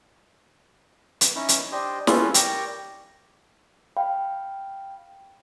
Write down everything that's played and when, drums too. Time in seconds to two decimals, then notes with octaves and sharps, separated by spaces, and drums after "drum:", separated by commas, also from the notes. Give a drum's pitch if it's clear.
1.21 drum: hi-hat
1.35 C#4 D#4 E4
1.49 drum: hi-hat
1.72 D4 G4 C5 D#5
2.07 G#3 C#4 F4 A4 B4 C5, drum: snare
2.34 G4 A#4 D5 G5 A#5 C#6, drum: hi-hat
3.97 F5 G5 B5